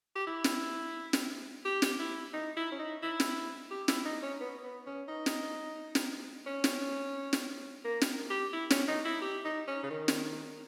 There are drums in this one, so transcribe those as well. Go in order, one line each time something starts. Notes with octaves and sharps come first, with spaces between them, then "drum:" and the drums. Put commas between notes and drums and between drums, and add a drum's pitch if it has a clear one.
G4
E4
drum: snare
drum: snare
G4
drum: snare
E4
D#4
E4
C#4
D#4
E4
drum: snare
G4
E4, drum: snare
D#4
C#4
B3
B3
C#4
D#4
drum: snare
drum: snare
C#4
drum: snare
drum: snare
A#3
drum: snare
G4
E4
C#4, drum: snare
D#4
E4
G4
D#4
C#4
C#3
D#3
drum: snare